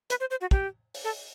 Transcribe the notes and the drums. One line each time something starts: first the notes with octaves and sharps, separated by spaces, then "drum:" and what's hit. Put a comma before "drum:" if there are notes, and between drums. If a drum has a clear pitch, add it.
B4, drum: hi-hat
C5
C5
F#4
G4, drum: kick
drum: open hi-hat
A4